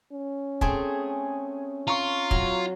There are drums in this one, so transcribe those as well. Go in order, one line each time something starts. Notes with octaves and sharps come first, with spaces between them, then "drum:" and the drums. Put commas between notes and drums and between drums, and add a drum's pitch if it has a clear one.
C#4
A3 C4 G#4 G#5, drum: kick
F4 A#5 C#6
F#3, drum: kick